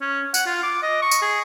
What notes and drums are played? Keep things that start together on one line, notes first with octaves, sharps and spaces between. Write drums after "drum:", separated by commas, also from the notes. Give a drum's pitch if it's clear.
C#4
F#5, drum: tambourine
F4
D6
D#5
C#6
drum: tambourine
G#4